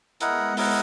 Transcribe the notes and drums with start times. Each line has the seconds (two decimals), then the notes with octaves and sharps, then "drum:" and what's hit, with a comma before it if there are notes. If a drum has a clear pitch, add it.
0.20 G#3 B3 E4 A#4 D#5 F#5, drum: hi-hat
0.57 E4 A#4 D#5 F#5, drum: open hi-hat